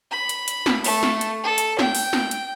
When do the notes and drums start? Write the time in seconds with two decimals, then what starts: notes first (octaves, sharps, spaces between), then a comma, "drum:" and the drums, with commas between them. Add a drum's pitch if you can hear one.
0.11 B5
0.29 drum: hi-hat
0.48 drum: hi-hat
0.66 drum: snare
0.84 A3 A4, drum: open hi-hat
1.03 drum: snare
1.21 drum: hi-hat
1.44 A4
1.58 drum: hi-hat
1.79 G5, drum: snare
1.95 drum: open hi-hat
2.13 drum: snare
2.31 drum: hi-hat